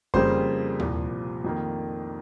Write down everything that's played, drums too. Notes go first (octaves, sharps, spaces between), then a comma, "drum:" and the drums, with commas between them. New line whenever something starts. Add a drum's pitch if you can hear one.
F2 C#3 G3 A#3 C5, drum: kick F2
C2 A#2 F3, drum: tom D#2
F2 D#3 A#3